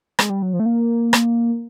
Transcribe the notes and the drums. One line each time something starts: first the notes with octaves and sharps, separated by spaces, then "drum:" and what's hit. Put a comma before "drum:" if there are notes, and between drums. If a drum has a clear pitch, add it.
G#3, drum: rim click
G3
F#3
F3
A3
A#3
drum: rim click